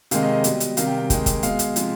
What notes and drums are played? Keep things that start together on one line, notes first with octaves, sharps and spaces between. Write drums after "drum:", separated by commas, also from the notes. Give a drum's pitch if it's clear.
C3 D#3 G#3 F5, drum: hi-hat
D#5
D#5
B2 G3, drum: hi-hat
drum: hi-hat
C3 D#3 G3 F5, drum: hi-hat
G5
G5
C3 D#3 G#3, drum: kick, hi-hat
drum: kick, hi-hat
B2 G#3 F5, drum: hi-hat
drum: hi-hat
C3 F3 G#3, drum: hi-hat